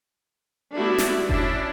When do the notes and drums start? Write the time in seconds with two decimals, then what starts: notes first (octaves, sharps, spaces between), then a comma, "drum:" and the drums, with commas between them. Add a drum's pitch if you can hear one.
0.76 G3 A3 B3 D4 E4 F#4
0.98 drum: snare
1.29 C#4 D4 E4, drum: kick F1